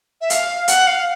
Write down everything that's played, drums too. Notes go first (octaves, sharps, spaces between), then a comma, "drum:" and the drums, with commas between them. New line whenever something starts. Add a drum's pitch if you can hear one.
E5
F5, drum: hi-hat
F#5, drum: hi-hat
F5